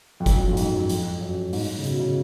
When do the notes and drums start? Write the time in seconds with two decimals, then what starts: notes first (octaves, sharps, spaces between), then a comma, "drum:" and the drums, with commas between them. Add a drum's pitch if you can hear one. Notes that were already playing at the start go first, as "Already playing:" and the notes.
0.20 F2
0.26 F#2, drum: kick F#1, hi-hat
0.36 F#2
0.48 F2
0.53 G#2
0.57 F#2, drum: hi-hat
0.73 F#2
0.84 F#2
0.89 F2, drum: hi-hat
1.21 F#2
1.53 G#2, drum: open hi-hat
1.79 C#3
1.84 B2, drum: hi-hat
2.00 C#3